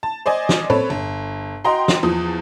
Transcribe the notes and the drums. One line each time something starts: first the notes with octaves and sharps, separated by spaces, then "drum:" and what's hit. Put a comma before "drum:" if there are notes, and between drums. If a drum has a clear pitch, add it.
A5
C5 D5 D#5 G#5
drum: snare
C4 A4 B4 C#5, drum: tom
G1
F#4 D#5 G5 A#5 C6
drum: snare
E2 F3 D#6